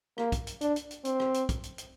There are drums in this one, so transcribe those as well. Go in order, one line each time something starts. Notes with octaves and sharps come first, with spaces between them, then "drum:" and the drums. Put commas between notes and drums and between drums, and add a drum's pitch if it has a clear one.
A#3, drum: rim click
drum: kick, hi-hat
drum: hi-hat
D4, drum: hi-hat
drum: hi-hat
drum: hi-hat
C4, drum: hi-hat
drum: rim click
drum: hi-hat
drum: kick, hi-hat
drum: hi-hat
drum: hi-hat